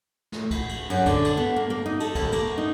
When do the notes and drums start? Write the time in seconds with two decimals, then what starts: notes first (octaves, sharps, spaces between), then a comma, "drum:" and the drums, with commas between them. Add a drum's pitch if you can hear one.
0.32 drum: snare
0.51 drum: kick C#2, cymbal
0.69 drum: cymbal
0.90 F#2, drum: cymbal
1.06 D3, drum: kick C#2, cymbal
1.24 drum: cymbal
1.37 B3
1.56 A#3
1.70 A#3
1.86 D#4
2.00 A4, drum: cymbal
2.15 D#2, drum: kick C#2, cymbal
2.32 A#3, drum: cymbal
2.58 D#4